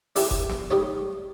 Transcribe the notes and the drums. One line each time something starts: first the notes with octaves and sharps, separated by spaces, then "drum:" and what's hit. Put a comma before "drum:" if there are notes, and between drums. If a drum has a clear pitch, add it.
D4 E4 G4, drum: open hi-hat
drum: kick F#1
drum: snare
G3 D#4 C#5